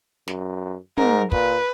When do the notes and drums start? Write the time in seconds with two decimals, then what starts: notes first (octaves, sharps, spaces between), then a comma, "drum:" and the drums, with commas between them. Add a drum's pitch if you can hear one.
0.28 F#2, drum: snare
0.97 G#2 A#4, drum: tom
1.32 A#2 B4, drum: kick